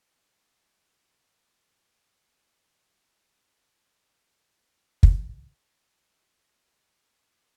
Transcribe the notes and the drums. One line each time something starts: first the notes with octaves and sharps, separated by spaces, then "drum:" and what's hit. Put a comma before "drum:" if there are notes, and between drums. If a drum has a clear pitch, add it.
F4 C5
F2 F3 D#4 D5
drum: kick
C2 F2 D3